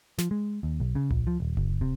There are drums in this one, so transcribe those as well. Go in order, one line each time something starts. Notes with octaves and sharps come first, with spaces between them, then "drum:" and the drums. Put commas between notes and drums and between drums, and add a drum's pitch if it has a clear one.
F3, drum: snare
G#3
D#2
B1
C#3
A#1, drum: tom C#2
F3
D#1
F#1, drum: kick D1
C3